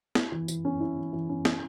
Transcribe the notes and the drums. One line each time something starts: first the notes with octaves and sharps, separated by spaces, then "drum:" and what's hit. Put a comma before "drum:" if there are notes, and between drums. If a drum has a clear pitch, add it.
E4, drum: snare
E3
E3, drum: tambourine
C#4
E4
E3
E3
C#4
E4, drum: snare